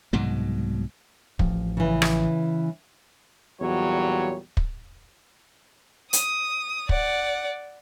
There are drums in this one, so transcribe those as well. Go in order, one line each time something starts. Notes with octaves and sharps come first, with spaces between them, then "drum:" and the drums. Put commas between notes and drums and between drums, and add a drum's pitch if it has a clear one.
C2 G#2 B2 F#3
A1 F3, drum: kick
C#3 E3
drum: rim click
E2 A#2 F#3 G3 C#5
drum: kick
D#6, drum: hi-hat
D5 F#5, drum: kick